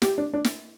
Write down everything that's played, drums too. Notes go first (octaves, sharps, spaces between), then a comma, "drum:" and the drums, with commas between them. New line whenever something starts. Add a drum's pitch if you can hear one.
G4, drum: snare
D4
D4
drum: snare